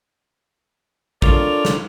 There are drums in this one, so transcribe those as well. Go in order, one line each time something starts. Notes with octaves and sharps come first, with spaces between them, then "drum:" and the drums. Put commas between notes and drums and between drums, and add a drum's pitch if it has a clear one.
D4 F4 A4 A#4 C#5 D5, drum: kick
drum: snare